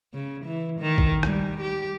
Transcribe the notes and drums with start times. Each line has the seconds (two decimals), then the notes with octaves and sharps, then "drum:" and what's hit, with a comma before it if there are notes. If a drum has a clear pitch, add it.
0.14 C#3
0.45 E3
0.80 D#3
0.98 drum: kick A1
1.23 G3, drum: rim click
1.61 G4